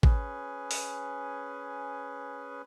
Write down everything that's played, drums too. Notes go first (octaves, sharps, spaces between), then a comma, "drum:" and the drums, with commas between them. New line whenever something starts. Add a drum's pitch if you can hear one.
C#4 G#4 B4, drum: kick
drum: open hi-hat